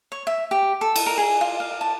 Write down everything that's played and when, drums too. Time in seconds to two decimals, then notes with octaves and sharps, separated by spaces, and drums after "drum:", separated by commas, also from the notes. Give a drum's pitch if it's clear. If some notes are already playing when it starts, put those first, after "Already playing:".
0.12 C#5
0.27 E5
0.51 G4
0.81 A4
0.96 drum: cymbal
1.06 A#4
1.18 G#4
1.41 F4
1.60 F5
1.81 A5